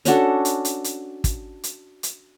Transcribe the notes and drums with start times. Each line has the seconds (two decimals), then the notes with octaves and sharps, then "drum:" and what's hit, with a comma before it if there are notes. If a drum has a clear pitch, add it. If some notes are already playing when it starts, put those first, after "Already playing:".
0.05 C#4 D4 F#4 A4, drum: hi-hat
0.45 drum: hi-hat
0.65 drum: hi-hat
0.84 drum: hi-hat
1.24 drum: kick, hi-hat
1.64 drum: hi-hat
2.03 drum: hi-hat